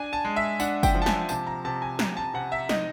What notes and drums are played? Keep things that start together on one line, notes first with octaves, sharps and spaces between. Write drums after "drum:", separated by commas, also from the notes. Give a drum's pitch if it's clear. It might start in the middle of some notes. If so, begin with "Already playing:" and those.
Already playing: D4 G#5
A5
G#3
E5
D4 F#5, drum: tambourine
G5, drum: kick F#1, tambourine
F3
A5
G#5, drum: snare
C3 A5, drum: tambourine
A#5
C3 A5
G#5
C3 A#5, drum: snare
A5
C3 F#5
E5
D#4 D#5, drum: snare